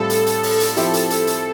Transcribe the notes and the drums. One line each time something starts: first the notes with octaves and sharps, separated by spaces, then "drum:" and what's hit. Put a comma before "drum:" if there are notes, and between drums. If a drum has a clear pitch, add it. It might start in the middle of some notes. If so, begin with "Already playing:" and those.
Already playing: A2 G3 C4 F4 A4
drum: hi-hat
drum: hi-hat
drum: open hi-hat
drum: hi-hat
F3 C4 E4 G4, drum: hi-hat
drum: hi-hat
drum: hi-hat
drum: hi-hat